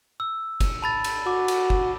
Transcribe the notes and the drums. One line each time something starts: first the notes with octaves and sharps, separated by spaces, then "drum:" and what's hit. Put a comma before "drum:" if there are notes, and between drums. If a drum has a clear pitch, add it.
E6
drum: kick F#1, cymbal
A5 B5 A6
drum: cymbal
F#4 D6
drum: cymbal
drum: kick F#1